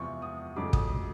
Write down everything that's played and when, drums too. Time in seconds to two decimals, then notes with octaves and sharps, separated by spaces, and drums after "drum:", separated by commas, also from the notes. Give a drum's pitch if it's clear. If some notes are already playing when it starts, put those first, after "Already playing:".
Already playing: E2 C3 F3 C#6
0.22 D#6
0.56 F2 C#3 F#3 A3 D6
0.73 D#6, drum: kick
0.89 D#6